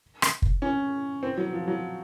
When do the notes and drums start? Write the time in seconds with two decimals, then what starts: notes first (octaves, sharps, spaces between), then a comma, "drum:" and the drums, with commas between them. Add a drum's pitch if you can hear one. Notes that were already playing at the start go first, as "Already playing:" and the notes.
0.22 drum: rim click
0.42 drum: kick
0.62 C#4
1.23 C4
1.37 F#3
1.53 F3
1.68 F#3